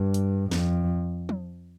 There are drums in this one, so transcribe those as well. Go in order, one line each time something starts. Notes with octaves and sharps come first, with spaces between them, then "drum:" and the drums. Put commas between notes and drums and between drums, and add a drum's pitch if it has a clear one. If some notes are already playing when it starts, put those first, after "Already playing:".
Already playing: G2
drum: hi-hat
F2, drum: snare
drum: tom F3